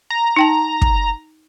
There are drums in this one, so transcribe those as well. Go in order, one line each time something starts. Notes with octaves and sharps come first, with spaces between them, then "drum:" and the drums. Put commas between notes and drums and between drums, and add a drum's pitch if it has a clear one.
A#5
D#4 G5 A5
drum: kick